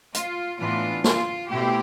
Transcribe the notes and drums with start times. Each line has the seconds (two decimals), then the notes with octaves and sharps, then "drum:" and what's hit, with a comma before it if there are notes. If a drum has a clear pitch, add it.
0.14 F4, drum: hi-hat
0.59 A2 E3 B3 D4 F4
1.04 F4, drum: snare
1.49 B2 A3 C4 E4 G4